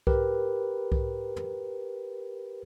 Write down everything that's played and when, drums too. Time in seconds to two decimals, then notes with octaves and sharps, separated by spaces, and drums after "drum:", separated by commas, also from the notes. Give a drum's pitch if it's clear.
0.07 G4 A#4 B4, drum: kick C2
0.92 drum: kick C2
1.36 drum: tom